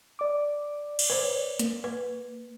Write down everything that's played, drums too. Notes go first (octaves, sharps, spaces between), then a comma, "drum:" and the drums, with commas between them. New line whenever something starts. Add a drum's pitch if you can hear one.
D5 D6
drum: cymbal
B4 C5
C#5
A#3, drum: hi-hat
B4